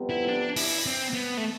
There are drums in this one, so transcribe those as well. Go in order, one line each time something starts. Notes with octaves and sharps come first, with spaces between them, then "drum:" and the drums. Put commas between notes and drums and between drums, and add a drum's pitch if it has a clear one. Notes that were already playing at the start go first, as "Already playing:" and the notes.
Already playing: F2 C3 G3 B3
E4
D4
E4, drum: open hi-hat
C4
B3
A3